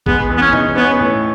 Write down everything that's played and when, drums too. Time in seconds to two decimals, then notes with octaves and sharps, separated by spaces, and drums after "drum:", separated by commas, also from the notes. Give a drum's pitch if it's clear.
0.06 G#3 B3, drum: kick A1
0.30 E2
0.37 B3
0.42 C#4
0.53 D#4, drum: tom B2
0.76 B3 C#4
1.00 A2